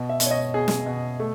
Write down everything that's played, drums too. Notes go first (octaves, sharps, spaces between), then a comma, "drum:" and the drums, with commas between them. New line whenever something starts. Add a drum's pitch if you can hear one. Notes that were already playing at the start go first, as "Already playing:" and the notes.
Already playing: B2
E5
B2, drum: hi-hat
C#5
D#5
B2 G#4
drum: snare
B2
A3